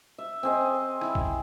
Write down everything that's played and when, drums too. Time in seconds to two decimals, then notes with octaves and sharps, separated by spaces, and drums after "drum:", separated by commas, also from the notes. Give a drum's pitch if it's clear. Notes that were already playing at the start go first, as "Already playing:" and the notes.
0.18 E5
0.43 C4 G#4 D#5
1.01 E4, drum: rim click
1.15 drum: kick B1